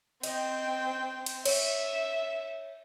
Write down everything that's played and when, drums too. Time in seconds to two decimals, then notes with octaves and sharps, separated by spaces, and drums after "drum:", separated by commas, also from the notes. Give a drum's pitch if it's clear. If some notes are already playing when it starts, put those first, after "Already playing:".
0.23 C4 D#4 D#5 G5, drum: cymbal
1.26 drum: cymbal
1.46 C#5 E5, drum: cymbal